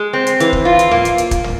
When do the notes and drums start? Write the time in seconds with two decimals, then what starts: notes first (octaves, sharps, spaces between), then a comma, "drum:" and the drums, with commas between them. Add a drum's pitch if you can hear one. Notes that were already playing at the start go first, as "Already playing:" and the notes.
Already playing: G#3
0.13 C4
0.27 drum: hi-hat
0.40 E3, drum: hi-hat
0.53 drum: kick
0.65 F4
0.79 drum: hi-hat
0.91 A#3, drum: tom
1.05 drum: hi-hat
1.18 drum: hi-hat
1.31 drum: kick, hi-hat
1.44 drum: tom